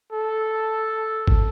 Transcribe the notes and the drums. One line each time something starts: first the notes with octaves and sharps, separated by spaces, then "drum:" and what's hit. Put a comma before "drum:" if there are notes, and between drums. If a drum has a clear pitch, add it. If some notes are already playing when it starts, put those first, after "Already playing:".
A4
drum: kick G#1